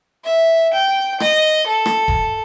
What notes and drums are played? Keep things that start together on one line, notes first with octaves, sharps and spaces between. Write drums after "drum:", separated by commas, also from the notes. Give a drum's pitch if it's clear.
E5
G5
D#5, drum: rim click
A4
drum: rim click
drum: kick E1